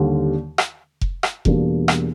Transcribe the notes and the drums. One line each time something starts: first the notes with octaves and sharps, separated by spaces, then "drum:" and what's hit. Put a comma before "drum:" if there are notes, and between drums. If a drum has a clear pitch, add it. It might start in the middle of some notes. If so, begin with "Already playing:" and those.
Already playing: D#2 D3 G3
drum: rim click
drum: kick F1
drum: rim click
E2 B2 G3 A#3 D4, drum: kick F1
drum: rim click